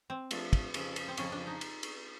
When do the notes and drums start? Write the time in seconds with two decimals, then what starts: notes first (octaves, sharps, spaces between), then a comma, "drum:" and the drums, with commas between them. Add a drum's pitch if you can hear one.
0.10 C4
0.31 F3 A3 D4 F4, drum: cymbal
0.53 drum: kick, cymbal
0.74 F2 C#3 F3, drum: cymbal
0.96 drum: cymbal
1.08 C4
1.17 F2 C#3 F3 C#4, drum: cymbal
1.32 D4
1.47 D#4
1.61 drum: cymbal
1.83 drum: cymbal